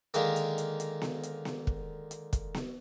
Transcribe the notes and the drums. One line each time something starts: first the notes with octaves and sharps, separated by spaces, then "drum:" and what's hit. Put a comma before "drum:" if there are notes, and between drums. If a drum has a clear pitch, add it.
D3 D#3 G#3 A#3, drum: hi-hat
drum: hi-hat
drum: hi-hat
drum: hi-hat
drum: snare B3
drum: hi-hat
drum: snare B3
drum: kick
drum: hi-hat
drum: kick, hi-hat
drum: snare B3